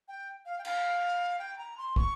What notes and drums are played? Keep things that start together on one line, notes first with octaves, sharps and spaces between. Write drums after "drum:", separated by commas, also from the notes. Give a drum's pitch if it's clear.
G5
F5
G5
F5, drum: cymbal
G5
A#5
C6
C#6, drum: kick